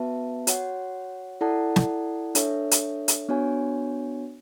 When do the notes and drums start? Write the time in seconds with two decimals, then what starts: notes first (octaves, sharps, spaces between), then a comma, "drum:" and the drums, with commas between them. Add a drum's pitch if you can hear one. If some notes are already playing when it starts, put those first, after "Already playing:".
Already playing: B3 F#4 B4 E5 A5
0.47 F#4 C#5 F#5, drum: hi-hat
1.41 E4 A4 D5 F#5 A5
1.76 drum: snare
2.35 D4 A4 C#5 E5, drum: hi-hat
2.71 drum: hi-hat
3.08 drum: hi-hat
3.29 B3 D4 F#4 C#5 G#5